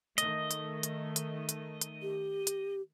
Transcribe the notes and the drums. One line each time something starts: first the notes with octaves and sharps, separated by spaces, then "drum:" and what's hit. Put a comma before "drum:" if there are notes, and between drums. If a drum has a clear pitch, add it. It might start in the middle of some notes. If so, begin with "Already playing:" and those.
D#3 A3 D#5, drum: hi-hat
drum: hi-hat
drum: hi-hat
drum: hi-hat
drum: hi-hat
drum: hi-hat
G4
drum: hi-hat